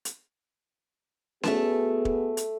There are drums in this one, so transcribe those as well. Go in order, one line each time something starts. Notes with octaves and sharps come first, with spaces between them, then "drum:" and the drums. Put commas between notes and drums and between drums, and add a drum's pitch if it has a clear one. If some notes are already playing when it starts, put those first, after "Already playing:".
drum: hi-hat
A3 B3 F#4 G#4 A5, drum: snare C#4
drum: kick
drum: hi-hat